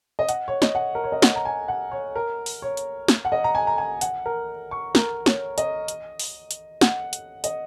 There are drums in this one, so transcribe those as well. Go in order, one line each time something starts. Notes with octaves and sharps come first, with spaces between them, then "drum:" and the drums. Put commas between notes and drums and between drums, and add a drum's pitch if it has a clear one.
D#5
F#5, drum: hi-hat
C#5
D#5, drum: snare
F#5
A#4
C#5
D#5
F#5, drum: snare
A#5
G#5
F#5
C#5
A#4
drum: open hi-hat
C#5
drum: hi-hat
drum: snare
F#5
D#5
A#5
G#5
A#5
G#5
F#5, drum: hi-hat
A#4
C#6
A#4, drum: snare
C#5, drum: snare
D#5, drum: hi-hat
drum: hi-hat
drum: open hi-hat
drum: hi-hat
F#5, drum: snare
drum: hi-hat
D#5, drum: hi-hat